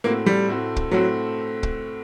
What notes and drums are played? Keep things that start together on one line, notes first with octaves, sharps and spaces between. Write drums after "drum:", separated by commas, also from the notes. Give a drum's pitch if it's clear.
A2 A3 A#3 C4 F#4
G3
A2 A3 C4 F#4
drum: kick
A2 F#3 A3 C4 F#4
drum: kick